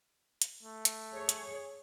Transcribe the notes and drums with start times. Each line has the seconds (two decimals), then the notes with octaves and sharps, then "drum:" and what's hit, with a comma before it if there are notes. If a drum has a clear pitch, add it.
0.42 drum: hi-hat
0.63 A3
0.85 drum: hi-hat
1.14 G#4 C#5
1.29 drum: hi-hat